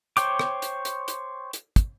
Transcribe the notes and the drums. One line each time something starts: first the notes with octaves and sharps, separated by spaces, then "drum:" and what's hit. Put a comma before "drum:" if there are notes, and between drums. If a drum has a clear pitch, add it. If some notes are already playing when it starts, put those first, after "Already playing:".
C5 C#5 G5 D6, drum: hi-hat
drum: rim click
drum: hi-hat
drum: hi-hat
drum: hi-hat
drum: hi-hat
drum: kick, hi-hat